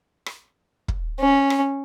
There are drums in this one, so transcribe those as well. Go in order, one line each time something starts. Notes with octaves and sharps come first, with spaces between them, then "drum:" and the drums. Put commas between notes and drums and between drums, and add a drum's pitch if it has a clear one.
drum: rim click
drum: kick
C#4
drum: rim click